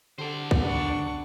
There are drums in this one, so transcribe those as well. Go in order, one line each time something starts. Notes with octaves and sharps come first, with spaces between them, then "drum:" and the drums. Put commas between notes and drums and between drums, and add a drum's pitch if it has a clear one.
D3 G4 A4 C5 D5 F#5
drum: kick C2
D4 B4 C#6